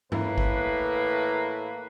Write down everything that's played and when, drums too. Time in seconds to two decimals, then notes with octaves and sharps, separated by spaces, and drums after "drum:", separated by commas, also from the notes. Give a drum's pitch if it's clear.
0.12 A2 E3 A#3 B4, drum: tom G2
0.38 drum: kick G#1